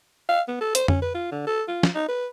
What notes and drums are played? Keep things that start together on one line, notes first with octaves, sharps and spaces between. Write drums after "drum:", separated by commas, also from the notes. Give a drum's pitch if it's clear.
F5
B3
A4
C5, drum: hi-hat
C#4, drum: tom F2
B4
F4
D3
A4
F4
drum: snare
D#4
B4